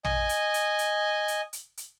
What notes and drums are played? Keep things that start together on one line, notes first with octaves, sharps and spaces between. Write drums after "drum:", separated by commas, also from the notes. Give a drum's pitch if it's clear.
D#5 G#5, drum: tom
drum: hi-hat
drum: hi-hat
drum: hi-hat
drum: hi-hat
drum: hi-hat
drum: hi-hat